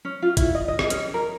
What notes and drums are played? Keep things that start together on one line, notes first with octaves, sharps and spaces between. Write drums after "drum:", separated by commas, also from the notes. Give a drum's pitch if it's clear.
C#4
F4
E4, drum: kick, hi-hat
D#5
D#5
drum: rim click
C#4, drum: hi-hat
A#4